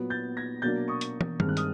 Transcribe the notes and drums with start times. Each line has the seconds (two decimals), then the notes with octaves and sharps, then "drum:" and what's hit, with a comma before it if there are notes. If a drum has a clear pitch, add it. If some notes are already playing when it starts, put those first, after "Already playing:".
Already playing: A#2 F#3 B3
0.10 G6 A6
0.37 G#6 A#6
0.62 B2 F#3 A#3 D4 G6 A6
0.88 C#6 D#6
1.01 drum: hi-hat
1.21 drum: tom
1.40 G2 D#3 G#3 C4 F6, drum: tom D#3
1.49 F#6
1.57 D#6 F6, drum: hi-hat